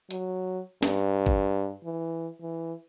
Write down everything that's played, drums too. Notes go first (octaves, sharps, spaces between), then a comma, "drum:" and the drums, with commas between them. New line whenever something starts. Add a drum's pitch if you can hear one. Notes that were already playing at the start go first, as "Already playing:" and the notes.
F#3, drum: hi-hat
G2, drum: snare
drum: kick
E3
E3